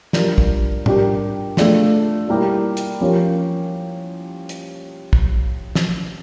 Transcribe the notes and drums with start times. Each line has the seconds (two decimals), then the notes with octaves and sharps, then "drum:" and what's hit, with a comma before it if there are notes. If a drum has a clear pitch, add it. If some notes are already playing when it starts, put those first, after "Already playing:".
0.13 G3 D4 F4 A#4, drum: snare
0.38 drum: kick
0.86 G3 D4 G4 A#4, drum: tom
1.57 A3 D4 F4, drum: snare
2.28 G3 A#3 E4 G4 A#4
2.77 drum: hi-hat
3.01 F3 C#4 G4 A#4
4.49 drum: hi-hat
5.13 drum: kick
5.75 drum: snare